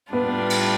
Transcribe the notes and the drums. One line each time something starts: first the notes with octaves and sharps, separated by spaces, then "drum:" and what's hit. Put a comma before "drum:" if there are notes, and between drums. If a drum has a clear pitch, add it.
A2 G3 B3 D4 F4
drum: cymbal